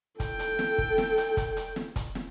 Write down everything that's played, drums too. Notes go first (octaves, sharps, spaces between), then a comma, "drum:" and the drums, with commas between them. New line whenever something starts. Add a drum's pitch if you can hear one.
A4 G5, drum: kick, hi-hat
drum: hi-hat
drum: snare
drum: kick
drum: snare
drum: hi-hat
drum: kick, hi-hat
drum: hi-hat
drum: snare
drum: kick, hi-hat
drum: snare